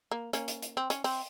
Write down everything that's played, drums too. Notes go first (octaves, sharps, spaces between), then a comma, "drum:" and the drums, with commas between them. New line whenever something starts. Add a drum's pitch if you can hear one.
A#3
A#3 C#4, drum: hi-hat
drum: hi-hat
drum: hi-hat
C4
C#4, drum: hi-hat
C4, drum: open hi-hat